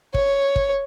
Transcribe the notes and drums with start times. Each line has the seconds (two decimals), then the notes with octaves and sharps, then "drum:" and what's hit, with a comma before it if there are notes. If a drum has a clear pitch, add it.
0.14 C#5, drum: kick
0.56 drum: kick